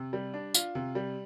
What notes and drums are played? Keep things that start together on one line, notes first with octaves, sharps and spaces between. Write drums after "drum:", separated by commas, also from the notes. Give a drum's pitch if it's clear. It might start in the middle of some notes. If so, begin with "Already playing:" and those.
Already playing: C3
G3
D4
F4, drum: tambourine
C3
G3